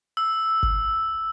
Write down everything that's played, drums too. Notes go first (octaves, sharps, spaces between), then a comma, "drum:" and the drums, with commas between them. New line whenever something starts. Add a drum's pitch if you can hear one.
E6
drum: kick G1